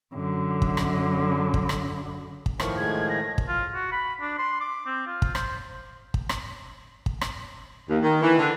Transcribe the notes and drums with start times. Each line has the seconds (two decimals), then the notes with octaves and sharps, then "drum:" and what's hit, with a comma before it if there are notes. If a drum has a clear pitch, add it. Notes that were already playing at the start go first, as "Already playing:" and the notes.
0.13 F#2 D3
0.62 drum: kick
0.77 drum: rim click
1.54 drum: kick
1.69 drum: rim click
2.46 drum: kick
2.60 A2 D#3 F3 C#6, drum: rim click
2.77 G#3 A3 G#4 G#6
3.09 A#6
3.38 drum: kick
3.48 F4
3.74 F#4
3.92 B5
4.21 D4
4.38 C6
4.61 D6
4.86 C4
5.07 F4
5.22 drum: kick
5.35 C5, drum: rim click
6.14 drum: kick
6.29 drum: rim click
7.06 drum: kick
7.21 drum: rim click
7.89 D#2
8.01 D#3
8.21 E3
8.39 D3